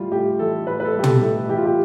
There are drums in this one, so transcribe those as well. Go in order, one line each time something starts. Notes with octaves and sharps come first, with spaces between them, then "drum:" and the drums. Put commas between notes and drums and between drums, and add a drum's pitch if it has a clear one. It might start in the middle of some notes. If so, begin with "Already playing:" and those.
Already playing: A2 G3 F4
A2 G4
E3 A4
A2 B4
B4
A4
G3 G4
A4, drum: tom
A2 A4
E3 G4
F4
G4